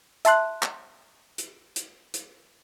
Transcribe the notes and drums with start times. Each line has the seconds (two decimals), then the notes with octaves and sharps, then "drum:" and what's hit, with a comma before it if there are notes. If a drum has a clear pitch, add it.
0.25 E5 A5 C6 F#6, drum: hi-hat
0.63 drum: clap
1.38 drum: hi-hat
1.76 drum: hi-hat
2.14 drum: hi-hat